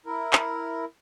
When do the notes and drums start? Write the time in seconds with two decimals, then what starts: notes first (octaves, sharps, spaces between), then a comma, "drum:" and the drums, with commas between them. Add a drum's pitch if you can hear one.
0.06 E4 A#4
0.33 drum: clap